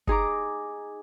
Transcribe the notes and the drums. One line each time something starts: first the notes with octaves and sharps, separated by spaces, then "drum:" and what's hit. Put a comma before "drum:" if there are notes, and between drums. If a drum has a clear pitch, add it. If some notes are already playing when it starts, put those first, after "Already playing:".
D#4 G#4 A#5 D6, drum: kick